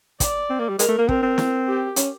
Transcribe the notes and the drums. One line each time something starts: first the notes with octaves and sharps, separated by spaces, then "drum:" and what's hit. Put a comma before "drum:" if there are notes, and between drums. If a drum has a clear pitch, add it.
D5, drum: kick, hi-hat
C4
A#3
G3
G#3 A#4, drum: hi-hat
A3
A#3
C4 A#4, drum: kick
C4
drum: snare
G4
C#4, drum: hi-hat